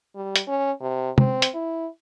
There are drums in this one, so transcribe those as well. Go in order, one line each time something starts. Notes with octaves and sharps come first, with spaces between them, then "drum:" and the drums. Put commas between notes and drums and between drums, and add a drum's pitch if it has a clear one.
G3
drum: hi-hat
C#4
C3
C4, drum: tom
drum: hi-hat
E4